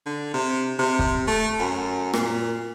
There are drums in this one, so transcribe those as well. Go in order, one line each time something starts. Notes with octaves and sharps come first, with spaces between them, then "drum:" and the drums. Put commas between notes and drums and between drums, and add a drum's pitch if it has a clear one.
D3
C3
C3
drum: kick
A3
F#2
A#2, drum: rim click